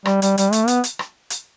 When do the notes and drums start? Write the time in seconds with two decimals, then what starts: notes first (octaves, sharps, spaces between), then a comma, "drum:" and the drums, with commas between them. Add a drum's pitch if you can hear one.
0.05 G3, drum: rim click
0.22 G3, drum: hi-hat
0.38 G3, drum: hi-hat
0.53 A3, drum: hi-hat
0.68 B3, drum: hi-hat
0.84 drum: hi-hat
0.99 drum: rim click
1.30 drum: hi-hat